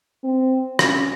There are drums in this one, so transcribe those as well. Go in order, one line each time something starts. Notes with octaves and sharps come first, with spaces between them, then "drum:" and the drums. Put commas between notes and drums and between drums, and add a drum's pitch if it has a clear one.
C4
C#4, drum: rim click